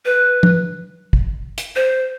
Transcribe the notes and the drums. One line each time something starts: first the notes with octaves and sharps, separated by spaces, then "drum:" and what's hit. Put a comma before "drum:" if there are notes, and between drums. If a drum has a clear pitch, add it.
B4
drum: tom
drum: kick
drum: hi-hat
C5